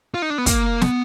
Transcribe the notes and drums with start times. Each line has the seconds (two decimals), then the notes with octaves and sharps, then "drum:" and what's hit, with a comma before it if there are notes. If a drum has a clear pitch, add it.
0.14 F4
0.22 D#4
0.30 D4
0.38 B3
0.46 A#3, drum: kick, hi-hat
0.81 B3, drum: snare